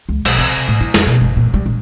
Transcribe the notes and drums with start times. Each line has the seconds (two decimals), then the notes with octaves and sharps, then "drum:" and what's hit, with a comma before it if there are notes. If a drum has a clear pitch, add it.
0.09 C#2
0.25 B1, drum: cymbal
0.38 C3
0.68 A2
0.81 E4
0.94 F2, drum: snare
1.06 B2
1.21 F#1
1.37 A#2
1.54 G3
1.66 A#1